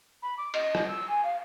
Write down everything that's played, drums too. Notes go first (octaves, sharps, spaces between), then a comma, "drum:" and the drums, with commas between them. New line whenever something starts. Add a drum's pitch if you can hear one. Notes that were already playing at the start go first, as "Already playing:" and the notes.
B5
D6
D#5, drum: cymbal
drum: rim click
E6
G#5
F5